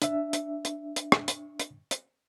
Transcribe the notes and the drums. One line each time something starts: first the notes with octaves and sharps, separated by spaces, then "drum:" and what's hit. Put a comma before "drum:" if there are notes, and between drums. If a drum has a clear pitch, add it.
D4 E5, drum: hi-hat
drum: hi-hat
drum: hi-hat
drum: hi-hat
drum: rim click
drum: hi-hat
drum: hi-hat
drum: hi-hat